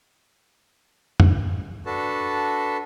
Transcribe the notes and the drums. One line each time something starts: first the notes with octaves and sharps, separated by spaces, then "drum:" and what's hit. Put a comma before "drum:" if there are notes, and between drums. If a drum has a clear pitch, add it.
drum: tom F2
D4 F#4 A4 B4 A5